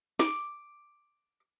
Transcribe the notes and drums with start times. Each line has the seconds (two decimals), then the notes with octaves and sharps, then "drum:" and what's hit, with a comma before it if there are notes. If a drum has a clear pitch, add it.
0.19 D6, drum: snare